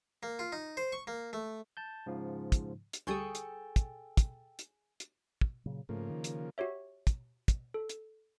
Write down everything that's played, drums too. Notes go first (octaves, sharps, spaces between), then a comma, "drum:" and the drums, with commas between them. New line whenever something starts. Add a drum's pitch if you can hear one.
A#3
F4
D#4
C5
C#6
A#3
A3
A5 G6
G#2 C#3 F3
drum: kick, hi-hat
drum: hi-hat
D2 G3 G#4 A4 G5 C#6 D#6
drum: hi-hat
drum: kick, hi-hat
drum: kick, hi-hat
drum: hi-hat
drum: hi-hat
drum: kick
A#2 C#3 F#3
G#2 C#3 F3 A3 A#3
D#3
drum: hi-hat
F#4 G4 C#5 E5
drum: kick, hi-hat
drum: kick, hi-hat
A4
drum: hi-hat